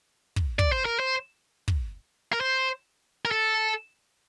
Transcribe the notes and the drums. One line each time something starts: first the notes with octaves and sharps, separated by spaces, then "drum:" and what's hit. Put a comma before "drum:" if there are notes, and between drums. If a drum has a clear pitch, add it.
drum: kick
D5, drum: kick
C5
A#4
C5
drum: kick
A#4
C5
A#4
A4